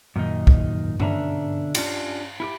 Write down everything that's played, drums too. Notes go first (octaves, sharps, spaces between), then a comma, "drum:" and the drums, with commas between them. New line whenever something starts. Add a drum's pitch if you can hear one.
F#2 A#2 D#3 D#4
drum: kick
B2 D3 C#4 D4 E5 A#5, drum: tom G2
C#4 D4 F4 G4, drum: cymbal
E4 F4 G4